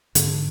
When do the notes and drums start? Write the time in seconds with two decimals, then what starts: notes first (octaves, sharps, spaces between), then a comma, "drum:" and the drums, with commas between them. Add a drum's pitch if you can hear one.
0.15 G#2 D3, drum: hi-hat